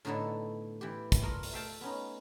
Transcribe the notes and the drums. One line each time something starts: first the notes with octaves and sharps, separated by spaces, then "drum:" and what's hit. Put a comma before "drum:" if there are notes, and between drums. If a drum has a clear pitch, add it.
A2 D3 B3 D#4 E4 A4
E3 G4
drum: kick, hi-hat
A#2 A3 A#4 D#5
drum: open hi-hat
A3 E5 F5 G5 A5
B3 C#4 D#4